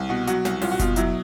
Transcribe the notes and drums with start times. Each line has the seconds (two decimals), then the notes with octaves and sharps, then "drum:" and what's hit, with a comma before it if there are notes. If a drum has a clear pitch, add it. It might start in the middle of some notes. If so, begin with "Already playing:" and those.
Already playing: C2
0.09 B2 F#4
0.27 F#3 F#4, drum: hi-hat
0.45 C2, drum: snare
0.62 C2 F4, drum: open hi-hat
0.72 F#4
0.79 B2 F4, drum: kick F#1, hi-hat
0.96 F#3 E4, drum: hi-hat